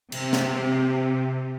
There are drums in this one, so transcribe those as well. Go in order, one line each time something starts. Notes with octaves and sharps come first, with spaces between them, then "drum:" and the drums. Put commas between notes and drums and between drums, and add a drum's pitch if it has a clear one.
C3, drum: cymbal
drum: snare